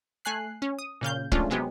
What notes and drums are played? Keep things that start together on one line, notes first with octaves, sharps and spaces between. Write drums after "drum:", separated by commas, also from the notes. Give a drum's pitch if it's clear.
A3 G#5 F#6 C7
C#4
D#6
A#2 C#3 F5 G6
F3 G#3 A3 C#4 D4 F4, drum: kick
C3 F#3 G#3 B3 G4